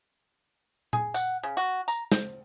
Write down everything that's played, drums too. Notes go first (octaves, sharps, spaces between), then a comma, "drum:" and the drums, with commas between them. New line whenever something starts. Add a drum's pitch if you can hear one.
G#4, drum: tom A#2
F#5, drum: tambourine
C#3
F#4
A#5, drum: tambourine
C4, drum: snare